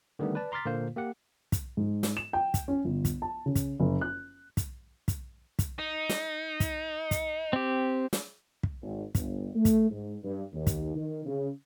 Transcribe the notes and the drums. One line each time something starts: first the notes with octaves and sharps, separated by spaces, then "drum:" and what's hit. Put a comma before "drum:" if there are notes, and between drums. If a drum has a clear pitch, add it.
D3 D#3 G3 A3 B3
B4 D5 A5
A#5 C6 D6 F6 A6 B6
A#2 D3 A#3 F4 C5 F5
A#3 G4 F#5
drum: kick, hi-hat
G#2
drum: snare
E7
G5
drum: kick, hi-hat
C#4
G1
drum: kick, hi-hat
A5
C#3
drum: kick, hi-hat
F#1
F#6
drum: kick, hi-hat
drum: kick, hi-hat
drum: kick, hi-hat
D#4
drum: snare
drum: kick, hi-hat
drum: kick, hi-hat
C4 G4
drum: snare
drum: kick
G#1
G1, drum: kick, hi-hat
A3
drum: kick, hi-hat
G#2
G2
D#2
drum: kick, hi-hat
D#3
C#3